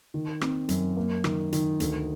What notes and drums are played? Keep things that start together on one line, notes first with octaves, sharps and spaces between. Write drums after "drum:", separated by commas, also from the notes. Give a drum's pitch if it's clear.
D#3
C4, drum: rim click
F#2, drum: hi-hat
A#3
D#3, drum: rim click
D#3, drum: hi-hat
D2, drum: hi-hat